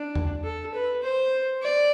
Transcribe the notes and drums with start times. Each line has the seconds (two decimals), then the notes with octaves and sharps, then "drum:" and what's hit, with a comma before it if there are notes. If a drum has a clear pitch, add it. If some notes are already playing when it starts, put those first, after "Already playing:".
Already playing: D4
0.15 drum: tom E2
0.44 A4
0.74 B4
1.03 C5
1.62 D5